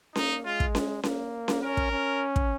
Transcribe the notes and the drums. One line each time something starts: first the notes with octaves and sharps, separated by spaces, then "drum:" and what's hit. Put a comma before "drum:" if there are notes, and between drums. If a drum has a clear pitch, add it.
A#3 D#4, drum: snare C#4
G#3 F4
drum: kick
drum: snare C#4
A#3, drum: snare C#4
drum: snare C#4
C#4 A#4
drum: kick
C#4
drum: kick